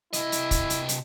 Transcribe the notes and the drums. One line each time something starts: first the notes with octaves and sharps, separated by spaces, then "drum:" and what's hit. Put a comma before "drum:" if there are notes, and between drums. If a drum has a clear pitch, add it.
C3 E4 D#5, drum: hi-hat
drum: hi-hat
drum: kick, hi-hat
drum: hi-hat
drum: hi-hat